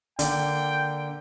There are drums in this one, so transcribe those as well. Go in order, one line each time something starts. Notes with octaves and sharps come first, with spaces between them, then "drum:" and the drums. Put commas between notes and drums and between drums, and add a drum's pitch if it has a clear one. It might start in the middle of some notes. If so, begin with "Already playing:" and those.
D3 A#3 G5, drum: hi-hat